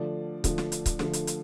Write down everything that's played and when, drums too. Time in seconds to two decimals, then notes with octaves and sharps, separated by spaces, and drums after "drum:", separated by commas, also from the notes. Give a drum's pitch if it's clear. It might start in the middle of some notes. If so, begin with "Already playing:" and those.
Already playing: D3 F3 A3 D5
0.44 D3 F3 A3, drum: kick C#1, hi-hat
0.58 drum: snare
0.72 drum: hi-hat
0.86 drum: kick C#1, hi-hat
0.99 D3 F3 A3, drum: snare
1.13 drum: hi-hat
1.27 drum: hi-hat